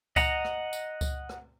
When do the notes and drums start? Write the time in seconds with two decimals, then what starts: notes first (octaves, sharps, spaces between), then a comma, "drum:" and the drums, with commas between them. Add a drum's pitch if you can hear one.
0.16 D#5 F#5 A#5, drum: kick C#2, tambourine
0.45 drum: rim click
0.73 drum: tambourine
1.01 drum: kick C#2, tambourine
1.29 drum: rim click